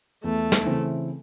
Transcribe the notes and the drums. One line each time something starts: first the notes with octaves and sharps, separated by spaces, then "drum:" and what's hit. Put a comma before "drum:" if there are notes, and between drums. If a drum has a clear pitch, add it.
E2 A3
drum: snare
C#3 E3 C4